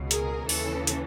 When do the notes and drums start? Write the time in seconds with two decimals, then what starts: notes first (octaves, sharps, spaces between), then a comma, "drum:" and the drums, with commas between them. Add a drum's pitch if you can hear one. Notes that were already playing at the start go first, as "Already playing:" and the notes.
Already playing: C#2 B2
0.11 G#4 A#4, drum: hi-hat
0.49 D#2 C#3 E3 A4, drum: open hi-hat
0.87 drum: hi-hat